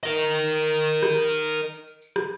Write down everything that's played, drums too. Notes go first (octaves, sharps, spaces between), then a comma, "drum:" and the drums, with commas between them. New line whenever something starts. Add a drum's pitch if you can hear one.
A#4 D#5, drum: tambourine
drum: tambourine
drum: tambourine
drum: tambourine
drum: tambourine
drum: tambourine
drum: rim click
drum: tambourine
drum: tambourine
drum: tambourine
drum: tambourine
drum: tambourine
drum: tambourine
drum: rim click